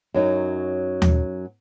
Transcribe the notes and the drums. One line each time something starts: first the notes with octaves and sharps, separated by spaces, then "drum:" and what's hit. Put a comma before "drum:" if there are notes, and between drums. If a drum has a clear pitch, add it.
F#2 F#3 D#4
drum: tom D#2